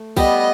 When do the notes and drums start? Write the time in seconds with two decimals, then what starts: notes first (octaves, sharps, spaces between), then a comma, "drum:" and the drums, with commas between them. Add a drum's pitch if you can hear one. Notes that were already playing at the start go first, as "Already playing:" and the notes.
Already playing: A3
0.17 G3 B3 D#5, drum: kick B1, open hi-hat